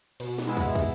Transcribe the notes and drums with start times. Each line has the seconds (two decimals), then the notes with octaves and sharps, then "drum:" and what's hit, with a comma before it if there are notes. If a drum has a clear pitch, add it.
0.20 B2, drum: cymbal
0.38 drum: snare
0.47 G#3 B3 E4
0.57 drum: kick, cymbal
0.75 drum: kick, cymbal